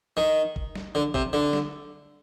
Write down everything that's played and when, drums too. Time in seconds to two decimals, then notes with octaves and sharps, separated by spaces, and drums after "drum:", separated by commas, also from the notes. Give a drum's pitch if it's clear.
0.17 D#3
0.56 drum: kick
0.75 drum: snare
0.95 D3
1.14 C3, drum: kick
1.33 D3
1.53 drum: snare